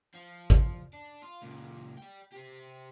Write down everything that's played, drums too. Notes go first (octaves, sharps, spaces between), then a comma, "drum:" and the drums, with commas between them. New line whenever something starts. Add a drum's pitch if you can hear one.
F3
drum: kick G#1
D4
F4
C#2 A#2
D5 G5
G4 C5